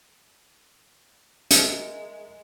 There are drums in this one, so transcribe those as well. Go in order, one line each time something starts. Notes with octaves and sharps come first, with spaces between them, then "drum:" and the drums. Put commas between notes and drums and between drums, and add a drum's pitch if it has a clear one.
G#3 A#4 E5 A#5, drum: hi-hat